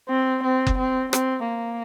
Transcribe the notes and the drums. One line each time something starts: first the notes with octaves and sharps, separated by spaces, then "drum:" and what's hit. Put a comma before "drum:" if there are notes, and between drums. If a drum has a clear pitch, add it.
C4
C4
drum: kick F#1
C4
C4, drum: rim click
A#3